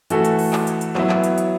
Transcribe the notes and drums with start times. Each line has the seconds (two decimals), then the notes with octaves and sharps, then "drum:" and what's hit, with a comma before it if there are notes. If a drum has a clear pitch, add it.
0.10 E3 A3 F#4 A4, drum: hi-hat
0.25 drum: hi-hat
0.39 drum: open hi-hat
0.53 drum: clap
0.67 drum: hi-hat
0.81 drum: hi-hat
0.95 F#3 B3 E4, drum: clap
1.09 drum: clap
1.24 drum: hi-hat
1.38 drum: hi-hat